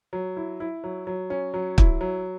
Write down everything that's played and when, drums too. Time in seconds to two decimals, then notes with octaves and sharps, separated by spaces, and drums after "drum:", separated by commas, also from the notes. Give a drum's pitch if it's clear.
0.13 F#3
0.37 E4
0.60 E4
0.84 F#3
1.07 F#3
1.30 C#4
1.54 F#3
1.78 E4, drum: kick
2.01 F#3